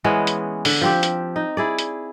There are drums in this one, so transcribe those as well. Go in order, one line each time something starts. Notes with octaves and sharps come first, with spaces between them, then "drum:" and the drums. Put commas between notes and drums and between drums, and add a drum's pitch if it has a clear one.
E3 G#3 B3 C#4
drum: hi-hat
D3, drum: open hi-hat
F3 C4 G4
drum: hi-hat
D#4
E4 G#4 D5
drum: hi-hat